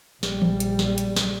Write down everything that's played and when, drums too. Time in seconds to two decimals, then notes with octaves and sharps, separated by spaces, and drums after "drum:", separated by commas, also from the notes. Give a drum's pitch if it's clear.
0.23 A#1 G3, drum: snare
0.42 drum: tom E3
0.60 drum: hi-hat
0.79 drum: snare
0.98 drum: hi-hat
1.16 drum: snare